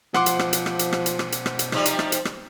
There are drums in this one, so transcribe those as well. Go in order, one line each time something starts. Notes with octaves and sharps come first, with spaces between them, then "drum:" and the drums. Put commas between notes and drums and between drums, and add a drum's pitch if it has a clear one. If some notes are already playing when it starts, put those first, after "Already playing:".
B2 F3 C5 F#5 C6 D6, drum: rim click
drum: hi-hat
drum: rim click
drum: hi-hat
drum: rim click
drum: hi-hat
drum: rim click
drum: hi-hat
drum: rim click
drum: hi-hat
drum: rim click
drum: hi-hat
C3 F3 G3 D#4, drum: rim click
drum: hi-hat
drum: rim click
drum: hi-hat
drum: rim click